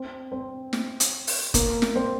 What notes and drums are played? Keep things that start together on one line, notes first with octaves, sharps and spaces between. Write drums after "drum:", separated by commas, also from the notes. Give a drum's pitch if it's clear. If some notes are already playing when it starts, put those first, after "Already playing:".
Already playing: C4
C4
drum: snare
drum: hi-hat
drum: open hi-hat
A#3, drum: kick F#1, hi-hat
drum: snare
C4